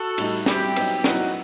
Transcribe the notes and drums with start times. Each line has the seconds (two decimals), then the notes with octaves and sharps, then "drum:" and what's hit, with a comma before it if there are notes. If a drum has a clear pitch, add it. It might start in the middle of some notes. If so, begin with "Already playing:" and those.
Already playing: F#4 A4
0.18 A2 G3 D#4, drum: cymbal
0.46 G3 C4 E4 F#4 G4, drum: snare
0.76 F#3 B3 D#4, drum: cymbal
1.04 F#3 B3 D#4 E4 F#4, drum: snare